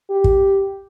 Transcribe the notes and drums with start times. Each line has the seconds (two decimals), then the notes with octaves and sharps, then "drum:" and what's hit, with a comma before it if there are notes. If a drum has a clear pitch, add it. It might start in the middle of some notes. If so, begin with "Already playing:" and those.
0.10 G4
0.24 drum: kick